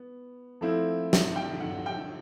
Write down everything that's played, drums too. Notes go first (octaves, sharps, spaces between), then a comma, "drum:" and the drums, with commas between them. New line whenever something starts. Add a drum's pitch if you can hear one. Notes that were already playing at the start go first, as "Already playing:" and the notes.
Already playing: B3
F3 A3 C4 E4
drum: snare
G5
F#5
G5